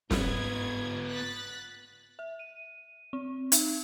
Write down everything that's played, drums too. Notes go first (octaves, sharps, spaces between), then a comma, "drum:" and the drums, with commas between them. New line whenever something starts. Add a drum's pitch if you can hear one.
G#2 B3 F4 G#6, drum: snare
F#6 A6 B6
E5
D#7
C4
D#4, drum: hi-hat